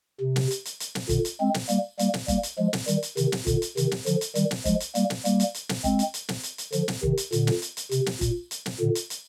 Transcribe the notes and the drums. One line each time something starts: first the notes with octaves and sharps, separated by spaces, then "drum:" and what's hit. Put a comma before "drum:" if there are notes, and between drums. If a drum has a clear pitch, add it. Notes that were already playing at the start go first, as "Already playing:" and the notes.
C3
drum: snare
drum: hi-hat
drum: hi-hat
drum: hi-hat
drum: snare
A#2 D3, drum: kick G1, hi-hat
drum: hi-hat
G#3 C4
drum: snare
G3 A#3, drum: hi-hat
G3 A#3, drum: hi-hat
drum: snare
G3 A#3, drum: kick G1, hi-hat
drum: hi-hat
F3 G#3
drum: snare
D#3 G3, drum: hi-hat
drum: hi-hat
C3 D#3, drum: hi-hat
drum: snare
A#2 D3, drum: kick G1, hi-hat
drum: hi-hat
C3 D#3, drum: hi-hat
drum: snare
D3 F3, drum: hi-hat
drum: hi-hat
D#3 G3, drum: hi-hat
drum: snare
F3 G#3, drum: kick G1, hi-hat
drum: hi-hat
G3 A#3, drum: hi-hat
drum: snare
G3 A#3, drum: hi-hat
drum: hi-hat
drum: hi-hat
drum: snare
G#3 C4, drum: kick G1, hi-hat
drum: hi-hat
drum: hi-hat
drum: snare
drum: hi-hat
drum: hi-hat
D3 F3, drum: hi-hat
drum: snare
C3 D#3, drum: kick G1
drum: hi-hat
A#2 D3, drum: hi-hat
drum: snare
drum: hi-hat
drum: hi-hat
C3, drum: hi-hat
drum: snare
A#2, drum: kick G1, hi-hat
drum: hi-hat
drum: snare
A#2 D3
drum: hi-hat
drum: hi-hat